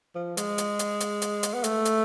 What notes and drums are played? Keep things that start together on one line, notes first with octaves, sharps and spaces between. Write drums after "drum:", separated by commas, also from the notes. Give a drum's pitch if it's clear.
F3
G#3, drum: hi-hat
drum: hi-hat
drum: hi-hat
drum: hi-hat
drum: hi-hat
drum: hi-hat
B3
A3, drum: hi-hat
drum: hi-hat